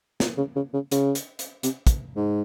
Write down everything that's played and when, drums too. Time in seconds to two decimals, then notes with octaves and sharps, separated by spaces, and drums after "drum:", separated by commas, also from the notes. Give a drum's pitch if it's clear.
0.20 A#2, drum: snare
0.37 C#3
0.56 C#3
0.73 C#3
0.92 C#3, drum: hi-hat
1.15 drum: hi-hat
1.39 drum: hi-hat
1.63 C3, drum: hi-hat
1.87 drum: kick, hi-hat
2.16 G#2